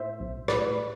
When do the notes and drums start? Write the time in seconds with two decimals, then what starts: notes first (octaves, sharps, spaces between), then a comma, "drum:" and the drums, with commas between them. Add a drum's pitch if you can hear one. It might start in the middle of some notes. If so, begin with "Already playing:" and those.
Already playing: A2 C5 E5
0.20 B1
0.48 A2 B4 D5, drum: rim click